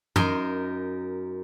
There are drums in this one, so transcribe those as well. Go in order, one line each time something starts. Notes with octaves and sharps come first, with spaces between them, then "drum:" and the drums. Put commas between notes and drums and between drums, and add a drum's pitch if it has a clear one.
F#2 D#4 A#4 C6, drum: tom F#2